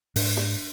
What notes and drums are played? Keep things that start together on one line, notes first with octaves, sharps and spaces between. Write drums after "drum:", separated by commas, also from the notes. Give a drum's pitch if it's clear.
G#2 D4, drum: open hi-hat
drum: snare